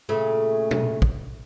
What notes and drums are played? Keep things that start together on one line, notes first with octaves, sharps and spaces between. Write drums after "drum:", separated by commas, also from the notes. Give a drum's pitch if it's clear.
A#2 C#3 A3
drum: tom A#2
drum: kick